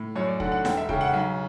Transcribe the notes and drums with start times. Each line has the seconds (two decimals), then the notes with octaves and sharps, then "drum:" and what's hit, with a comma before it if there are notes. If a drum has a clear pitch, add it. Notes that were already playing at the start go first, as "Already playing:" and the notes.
Already playing: A2
0.16 F#2 C#5
0.28 D5
0.40 D3 F#5, drum: kick
0.52 F#5
0.65 E1 G5, drum: snare
0.77 E5
0.89 C#3 G5, drum: kick
1.01 F#5
1.13 B1